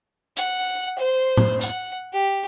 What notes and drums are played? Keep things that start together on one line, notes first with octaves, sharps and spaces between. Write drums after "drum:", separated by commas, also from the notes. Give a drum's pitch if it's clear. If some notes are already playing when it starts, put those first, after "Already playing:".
F#5, drum: hi-hat
C5
drum: tom
F#5, drum: hi-hat
G4